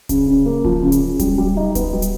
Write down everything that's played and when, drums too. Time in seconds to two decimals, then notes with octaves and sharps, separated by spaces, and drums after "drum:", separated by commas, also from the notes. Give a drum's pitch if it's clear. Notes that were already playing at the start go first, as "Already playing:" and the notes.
0.09 C#3, drum: kick D1, hi-hat
0.28 C#3
0.46 A#3
0.65 F3, drum: kick D1
0.82 C#3
0.92 drum: hi-hat
1.01 C#3
1.19 G3, drum: kick D1, hi-hat
1.38 G3
1.57 D#4
1.75 B3, drum: kick D1, hi-hat
1.93 G3
2.02 drum: hi-hat